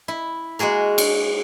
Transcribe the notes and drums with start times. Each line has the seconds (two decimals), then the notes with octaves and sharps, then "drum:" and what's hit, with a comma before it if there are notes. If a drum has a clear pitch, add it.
0.08 E4
0.59 G#3 A#3 F#4 G#4 A#4
0.98 drum: cymbal